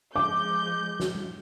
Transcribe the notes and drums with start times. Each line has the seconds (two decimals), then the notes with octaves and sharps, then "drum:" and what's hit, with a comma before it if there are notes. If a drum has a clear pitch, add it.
0.16 F3 G#3 D6 G6
1.00 drum: snare
1.15 drum: tom G3